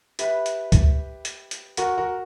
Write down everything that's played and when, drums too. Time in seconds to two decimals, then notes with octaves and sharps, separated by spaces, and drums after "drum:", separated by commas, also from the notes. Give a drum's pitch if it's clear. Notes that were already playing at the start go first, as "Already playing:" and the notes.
0.19 G4 B4 E5 B5 F#6, drum: hi-hat
0.46 drum: hi-hat
0.72 drum: kick C#2, hi-hat
1.25 drum: hi-hat
1.51 drum: hi-hat
1.77 F#4 A#4 F#5 C#6 F#6, drum: hi-hat
1.98 F#4 A#4